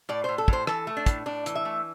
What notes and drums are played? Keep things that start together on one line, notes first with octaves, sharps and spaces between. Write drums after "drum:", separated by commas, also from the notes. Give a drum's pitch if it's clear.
A2 D5
A2 C5
A4
A2 C5, drum: kick
E3 A4, drum: rim click
A3
D4
A2, drum: kick, hi-hat
A2 D4
E3, drum: hi-hat
E5
A3